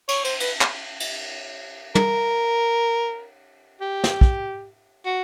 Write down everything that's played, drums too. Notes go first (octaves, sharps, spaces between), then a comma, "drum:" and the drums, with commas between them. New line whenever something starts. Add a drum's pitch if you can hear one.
C#5, drum: cymbal
C5, drum: cymbal
B4, drum: cymbal
drum: clap
drum: cymbal
A#4, drum: tom
G4
drum: snare
drum: kick
F#4